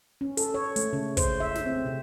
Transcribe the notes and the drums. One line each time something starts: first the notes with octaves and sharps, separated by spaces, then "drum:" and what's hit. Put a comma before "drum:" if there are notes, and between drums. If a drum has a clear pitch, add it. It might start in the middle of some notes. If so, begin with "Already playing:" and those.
C#4
A4, drum: hi-hat
C#5
A3, drum: hi-hat
C#3
C5, drum: kick, hi-hat
E5
drum: snare
C4
C3